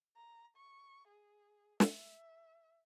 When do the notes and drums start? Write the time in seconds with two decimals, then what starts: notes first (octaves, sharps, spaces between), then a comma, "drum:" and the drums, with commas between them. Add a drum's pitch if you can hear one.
0.16 A#5
0.56 C#6
1.08 G#4
1.80 E5, drum: snare